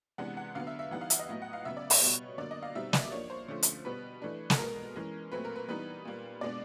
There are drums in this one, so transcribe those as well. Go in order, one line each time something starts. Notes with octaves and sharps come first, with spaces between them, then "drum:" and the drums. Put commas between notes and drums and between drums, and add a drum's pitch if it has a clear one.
C3 E3 G#3 B3 D4 F#5
F#5
D3 F#3 B3 F5
E5
E5
E3 G3 B3 D#4 F#5
F5
E5, drum: hi-hat
D#5
A2 F#3 B3
F#5
F5
C#3 F#3 B3 E5
D5
C#5, drum: open hi-hat
B2 G3 B3
D3 F#3 A#3 D5
D#5
F5
B2 G3 C4 D#4 E5
D5, drum: snare
F3 A#3 D4 C#5
C5
D3 F3 A3 C#4
drum: hi-hat
B2 G3 B3 B4
E3 A3 D4
A4, drum: snare
B2 G#3 B3 A#4
E3 G#3 C#4
A#2 F#3 A3 C4 B4
A#4
B4
E3 G3 B3 D#4 B4
A#2 G3 A#3
B2 G#3 B3 D4 D5